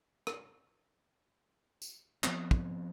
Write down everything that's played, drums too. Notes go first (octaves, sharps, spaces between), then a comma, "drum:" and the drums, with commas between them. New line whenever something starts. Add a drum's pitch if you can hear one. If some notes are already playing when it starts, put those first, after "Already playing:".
drum: rim click
drum: tambourine
F3 B3 C4, drum: clap
drum: kick